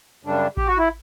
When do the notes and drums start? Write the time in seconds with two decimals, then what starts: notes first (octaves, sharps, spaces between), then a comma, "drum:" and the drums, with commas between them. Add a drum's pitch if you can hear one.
0.23 F#2 C#3 G3 D4
0.57 G4, drum: kick A1
0.67 F#4
0.78 E4